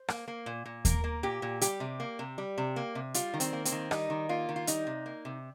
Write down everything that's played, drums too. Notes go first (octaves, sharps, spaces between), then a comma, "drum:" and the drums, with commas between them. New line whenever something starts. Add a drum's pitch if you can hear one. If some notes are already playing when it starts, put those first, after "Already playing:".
Already playing: C5
A#3, drum: rim click
A#3
A#2
A#2
A#3 A#4, drum: kick D#2, hi-hat
A#3
A#2 G4
A#2
G3 G4, drum: hi-hat
C3
A#3
C3
G3
C3
A#3
C3
G3 F4, drum: hi-hat
D#3
C4, drum: hi-hat
A#3
C4, drum: hi-hat
D#3
G3 D#4, drum: rim click
D#3
A#3 F4
D#3
F4
G3 D#4, drum: hi-hat
C3
A#3
C3